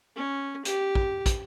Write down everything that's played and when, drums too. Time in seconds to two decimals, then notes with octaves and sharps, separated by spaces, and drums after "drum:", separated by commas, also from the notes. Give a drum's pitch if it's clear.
0.16 C#4
0.65 G4, drum: hi-hat
0.95 drum: kick
1.26 drum: kick, hi-hat